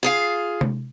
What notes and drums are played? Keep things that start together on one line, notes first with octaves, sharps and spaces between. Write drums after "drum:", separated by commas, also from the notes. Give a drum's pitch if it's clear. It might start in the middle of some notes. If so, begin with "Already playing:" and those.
F4 G#4 F5
drum: tom C3